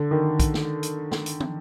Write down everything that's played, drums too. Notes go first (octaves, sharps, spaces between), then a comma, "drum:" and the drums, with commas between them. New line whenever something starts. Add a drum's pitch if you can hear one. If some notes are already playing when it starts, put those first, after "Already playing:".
Already playing: D3
D#3
drum: kick, hi-hat
drum: snare
drum: hi-hat
drum: snare
drum: hi-hat
drum: tom